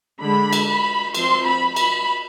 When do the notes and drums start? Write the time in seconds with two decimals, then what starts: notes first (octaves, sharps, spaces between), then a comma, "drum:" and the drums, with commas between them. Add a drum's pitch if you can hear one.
0.21 D3 G#3 D4 B5
0.53 drum: cymbal
0.68 B5
1.15 F3 C4 C6, drum: cymbal
1.46 B5
1.76 B5, drum: cymbal